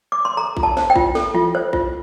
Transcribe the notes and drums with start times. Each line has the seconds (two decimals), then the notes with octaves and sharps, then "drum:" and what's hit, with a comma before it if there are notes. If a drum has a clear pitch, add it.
0.12 D6
0.25 C6
0.37 A4 A#5
0.57 F4, drum: kick A1
0.63 A5
0.77 C5, drum: snare
0.90 G5
0.96 F4, drum: kick A1
1.15 A4, drum: snare
1.34 F4, drum: tom E3
1.55 C5
1.73 F4, drum: kick A1